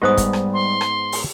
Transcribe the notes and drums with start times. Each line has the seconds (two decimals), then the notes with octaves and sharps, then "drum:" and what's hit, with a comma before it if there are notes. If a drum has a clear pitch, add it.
0.02 G#2 G3 B3 G4 C5 D#5 D#6
0.17 drum: kick, hi-hat
0.33 drum: rim click
0.53 C6
0.81 drum: rim click
1.12 drum: open hi-hat